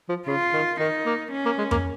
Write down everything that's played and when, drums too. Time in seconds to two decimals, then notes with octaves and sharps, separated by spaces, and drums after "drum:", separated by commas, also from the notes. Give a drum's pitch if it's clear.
0.09 F3
0.27 C#3 F4
0.53 D#3
0.79 D#3 D#4
1.06 A#3
1.31 C#4
1.45 A#3
1.58 G#3
1.71 A#3, drum: tom F2